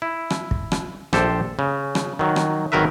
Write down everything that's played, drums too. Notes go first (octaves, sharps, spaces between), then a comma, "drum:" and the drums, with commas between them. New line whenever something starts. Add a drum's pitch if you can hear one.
E4
drum: rim click
drum: kick
drum: rim click
A#1 G4 A4 C5, drum: rim click
C#3
drum: rim click
D#3 F#3
drum: rim click
G#1 D#3 F#3 A#4 B4 E5